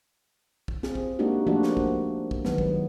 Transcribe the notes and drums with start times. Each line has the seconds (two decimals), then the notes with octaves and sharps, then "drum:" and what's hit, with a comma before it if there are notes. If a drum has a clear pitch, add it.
0.68 drum: kick
0.83 C4 F4 G#4, drum: snare
0.95 drum: kick
1.19 G#3 A#3 D4 D#4 F#4 G4
1.47 F3 A3 A#3 D4 F4 F#4
1.63 drum: snare
1.77 drum: kick
2.31 drum: kick
2.45 D#3 F#3 G#3 B3, drum: snare
2.58 drum: kick